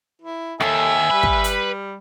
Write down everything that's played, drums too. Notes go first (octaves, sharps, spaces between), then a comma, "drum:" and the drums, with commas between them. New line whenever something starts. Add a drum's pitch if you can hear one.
E4
D#2 A4 E5 G#5, drum: rim click
G3 B4 B5
drum: kick
drum: hi-hat